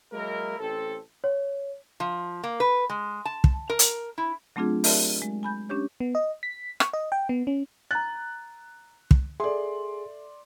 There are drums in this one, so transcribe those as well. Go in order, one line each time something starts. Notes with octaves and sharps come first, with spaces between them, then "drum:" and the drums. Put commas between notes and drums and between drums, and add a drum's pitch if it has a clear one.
F#3 G#3 A#3 E4 A#4
A1 C4 A4
C#5
F3
A#3
B4
G#3
A5
drum: kick
A#4
drum: hi-hat
E4
F#3 A3 C4 D4 F4 G#4
G4 A#4 D5 E5 A5, drum: open hi-hat
G#3
G#5 B5 G6
C#4 D4 G4 C#5
B3
D#5
B6
C#6, drum: rim click
D#5
G5
B3
C#4
A#5 F#6 A6
drum: kick
G#4 A4 D5 E5 C6